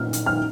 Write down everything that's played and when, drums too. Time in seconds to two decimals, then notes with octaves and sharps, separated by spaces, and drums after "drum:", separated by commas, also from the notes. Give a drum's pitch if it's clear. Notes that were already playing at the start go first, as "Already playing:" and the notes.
Already playing: A#2 F6
0.13 drum: hi-hat
0.26 F6